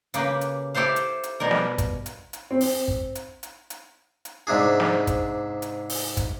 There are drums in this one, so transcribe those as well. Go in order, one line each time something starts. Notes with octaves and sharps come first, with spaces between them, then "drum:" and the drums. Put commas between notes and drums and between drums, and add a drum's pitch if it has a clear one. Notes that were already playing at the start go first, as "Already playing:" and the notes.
C#3 A#3 G4 B4, drum: hi-hat
drum: hi-hat
E4 G4 A4 C5 F5
drum: hi-hat
drum: hi-hat
B2 G3 A#4
drum: snare
drum: kick, hi-hat
drum: hi-hat
drum: hi-hat
C4
drum: open hi-hat
drum: kick
drum: hi-hat
drum: hi-hat
drum: hi-hat
drum: hi-hat
G#2 C3 D4 G#4
drum: snare
drum: kick, hi-hat
drum: hi-hat
drum: open hi-hat
drum: kick, hi-hat